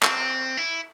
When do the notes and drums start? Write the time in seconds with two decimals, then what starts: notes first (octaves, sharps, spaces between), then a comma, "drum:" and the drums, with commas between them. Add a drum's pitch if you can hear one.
0.03 C4, drum: clap
0.57 E4